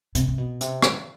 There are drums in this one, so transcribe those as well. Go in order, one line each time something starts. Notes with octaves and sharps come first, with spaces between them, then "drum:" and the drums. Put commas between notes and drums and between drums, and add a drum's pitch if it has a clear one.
C3, drum: hi-hat
C3
B2
C3, drum: hi-hat
drum: rim click